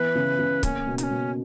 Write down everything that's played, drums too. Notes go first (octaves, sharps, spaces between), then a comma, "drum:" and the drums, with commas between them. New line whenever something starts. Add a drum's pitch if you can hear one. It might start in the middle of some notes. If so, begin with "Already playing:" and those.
Already playing: E3 B3 B4
C#3
C#3
A#3 C#4, drum: kick C#1, hi-hat
B2
D#4, drum: hi-hat
C#4
B2